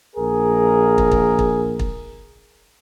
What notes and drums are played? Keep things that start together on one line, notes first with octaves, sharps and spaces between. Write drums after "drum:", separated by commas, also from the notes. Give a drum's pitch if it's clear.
A#1 G#4 A#4
drum: kick
drum: kick
drum: kick
drum: kick